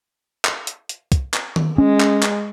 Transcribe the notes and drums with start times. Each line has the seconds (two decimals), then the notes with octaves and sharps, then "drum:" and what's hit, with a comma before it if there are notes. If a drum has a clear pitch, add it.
0.45 drum: clap
0.67 drum: hi-hat
0.89 drum: hi-hat
1.12 drum: kick, hi-hat
1.34 drum: clap
1.56 drum: tom D#3
1.78 G#3 C#4
2.00 drum: clap
2.23 drum: clap